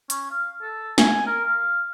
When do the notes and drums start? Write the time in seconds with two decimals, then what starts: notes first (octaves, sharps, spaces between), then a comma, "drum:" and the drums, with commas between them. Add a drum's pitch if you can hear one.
0.10 C#4, drum: hi-hat
0.31 F5
0.62 A4
0.98 G#5, drum: snare
1.27 A#4
1.45 F5